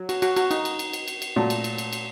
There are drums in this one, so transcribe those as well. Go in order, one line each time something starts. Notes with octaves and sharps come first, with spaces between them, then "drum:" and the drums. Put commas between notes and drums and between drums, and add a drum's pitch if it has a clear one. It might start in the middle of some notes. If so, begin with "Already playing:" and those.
Already playing: F#3
F#4, drum: cymbal
F#4, drum: cymbal
F#4, drum: cymbal
D#4, drum: cymbal
drum: cymbal
drum: cymbal
drum: cymbal
drum: cymbal
drum: cymbal
A#2 F#3 A3
drum: cymbal
drum: cymbal
drum: cymbal
drum: cymbal